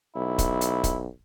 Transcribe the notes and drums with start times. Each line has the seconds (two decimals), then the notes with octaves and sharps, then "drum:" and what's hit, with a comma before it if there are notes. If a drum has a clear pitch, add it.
0.16 B1 E4
0.38 drum: kick, hi-hat
0.61 drum: hi-hat
0.84 drum: kick, hi-hat